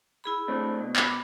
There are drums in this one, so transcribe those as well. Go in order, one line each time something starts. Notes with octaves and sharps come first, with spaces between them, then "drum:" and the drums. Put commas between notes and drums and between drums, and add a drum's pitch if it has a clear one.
E4 G#4 B5
A3 C4 D4
B2
B5 D6, drum: clap